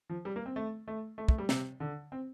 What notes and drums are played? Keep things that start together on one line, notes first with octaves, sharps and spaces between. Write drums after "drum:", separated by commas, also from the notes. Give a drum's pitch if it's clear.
F3
G3
A#3
C4
A3
A3
A3
A3, drum: kick
G3
C3, drum: snare
D3
C4